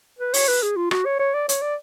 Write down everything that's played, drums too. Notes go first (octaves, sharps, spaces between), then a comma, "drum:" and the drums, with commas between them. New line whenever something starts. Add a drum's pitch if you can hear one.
B4
C#5, drum: open hi-hat
B4
G#4
F4
F#4, drum: rim click
C#5
C#5
D5
C#5, drum: hi-hat
D5